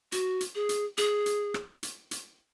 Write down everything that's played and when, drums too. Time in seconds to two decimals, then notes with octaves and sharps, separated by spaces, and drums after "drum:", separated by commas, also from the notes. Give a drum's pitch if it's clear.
0.12 F#4, drum: hi-hat
0.41 drum: hi-hat
0.55 G#4
0.69 drum: hi-hat
0.97 G#4, drum: hi-hat
1.26 drum: hi-hat
1.54 drum: rim click
1.83 drum: hi-hat
2.11 drum: hi-hat